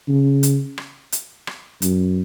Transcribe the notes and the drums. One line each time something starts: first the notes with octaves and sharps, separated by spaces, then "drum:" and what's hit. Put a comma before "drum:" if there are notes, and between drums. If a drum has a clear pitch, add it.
C#3
drum: hi-hat
drum: rim click
drum: hi-hat
drum: rim click
F#2, drum: hi-hat